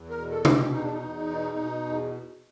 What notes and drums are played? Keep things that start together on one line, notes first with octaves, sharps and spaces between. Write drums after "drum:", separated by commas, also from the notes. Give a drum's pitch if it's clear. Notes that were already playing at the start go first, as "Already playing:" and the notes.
Already playing: E2
A#4
B2
A4
B2, drum: tom
G4
E2 D#4
D4
D#4
E2
B2
B2
E2